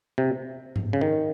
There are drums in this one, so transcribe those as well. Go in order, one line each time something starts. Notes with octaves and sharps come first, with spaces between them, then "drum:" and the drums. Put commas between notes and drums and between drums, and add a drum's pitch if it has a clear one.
C3
drum: tom G#2
C#3
D#3